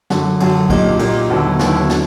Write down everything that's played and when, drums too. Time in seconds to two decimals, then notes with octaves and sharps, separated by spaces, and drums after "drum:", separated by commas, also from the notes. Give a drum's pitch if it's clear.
0.10 F#2 D3 F#3, drum: snare
0.40 F#2 D3 F#3, drum: cymbal
0.70 A#2 F#3 A#3 D#4 G4, drum: kick, cymbal
0.99 A#2 F#3 A#3 D#4 G4, drum: cymbal
1.30 D#2 D3 F#3 B3 E4
1.59 D#2 D3 F#3 B3 E4, drum: snare
1.89 D4 F#4, drum: snare